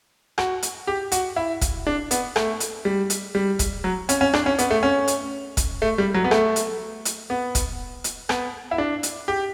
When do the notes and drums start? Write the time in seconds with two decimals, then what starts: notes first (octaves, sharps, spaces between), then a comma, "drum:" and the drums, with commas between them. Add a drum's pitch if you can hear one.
0.38 F#4, drum: rim click
0.63 drum: hi-hat
0.87 G4
1.12 F#4, drum: hi-hat
1.36 E4
1.61 drum: kick, hi-hat
1.87 D4
2.11 B3, drum: hi-hat
2.36 A3, drum: rim click
2.60 drum: hi-hat
2.85 G3
3.10 drum: hi-hat
3.35 G3
3.59 drum: kick, hi-hat
3.84 F#3
4.09 C#4, drum: hi-hat
4.21 C#4
4.34 D4, drum: rim click
4.46 C#4
4.58 B3, drum: hi-hat
4.71 A3
4.83 C#4
5.08 drum: hi-hat
5.57 drum: kick, hi-hat
5.82 A3
5.98 G3
6.14 F#3
6.24 B3
6.31 A3, drum: rim click
6.56 drum: hi-hat
7.05 drum: hi-hat
7.30 B3
7.55 drum: kick, hi-hat
8.04 drum: hi-hat
8.29 B3, drum: rim click
8.71 E4
8.78 D4
9.03 drum: hi-hat
9.28 G4